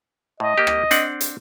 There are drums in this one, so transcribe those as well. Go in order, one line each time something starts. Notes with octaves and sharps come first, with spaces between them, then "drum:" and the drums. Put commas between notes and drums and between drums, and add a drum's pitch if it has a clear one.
A2 D#5
A#3 G4
drum: rim click
C4 D4 F#5, drum: hi-hat
drum: hi-hat